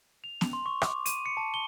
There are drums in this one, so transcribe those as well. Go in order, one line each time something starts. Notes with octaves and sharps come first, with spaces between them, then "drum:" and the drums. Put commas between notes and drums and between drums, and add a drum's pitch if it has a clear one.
F7
drum: snare B3
C6
C#6
D6, drum: rim click
D#7, drum: hi-hat
C#7
A5
G7